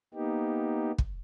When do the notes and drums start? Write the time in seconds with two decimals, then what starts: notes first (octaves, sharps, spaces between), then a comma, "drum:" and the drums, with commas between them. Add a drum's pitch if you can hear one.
0.14 A#3 B3 D#4 G4
0.98 drum: kick